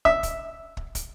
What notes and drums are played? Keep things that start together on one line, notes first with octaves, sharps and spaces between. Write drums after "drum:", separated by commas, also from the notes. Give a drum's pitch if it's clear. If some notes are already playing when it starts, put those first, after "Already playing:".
E5, drum: kick
drum: kick, hi-hat
drum: kick
drum: kick, hi-hat